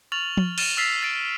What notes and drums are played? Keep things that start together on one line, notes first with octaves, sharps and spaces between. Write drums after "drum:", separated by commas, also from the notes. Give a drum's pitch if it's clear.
C#6 F6 A6 F7 F#7
drum: tom F3
F6 A6 D#7 E7 G7, drum: cymbal
E6 F6 A6 B6 C7 F7
A6 D7